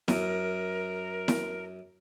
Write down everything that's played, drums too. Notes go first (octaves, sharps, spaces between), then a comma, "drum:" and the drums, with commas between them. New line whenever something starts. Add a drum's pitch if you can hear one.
F#2 A#4, drum: snare E4
drum: snare E4